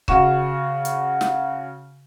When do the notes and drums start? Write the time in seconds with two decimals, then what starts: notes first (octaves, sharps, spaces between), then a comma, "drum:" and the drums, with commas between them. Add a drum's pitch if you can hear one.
0.08 C#3 F#4 C#6 E7, drum: kick C#1
0.85 drum: hi-hat
1.21 drum: snare